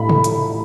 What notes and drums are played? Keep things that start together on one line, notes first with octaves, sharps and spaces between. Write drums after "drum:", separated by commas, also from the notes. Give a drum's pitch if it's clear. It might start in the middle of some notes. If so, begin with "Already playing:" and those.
Already playing: A2 B5
drum: tom C3
drum: hi-hat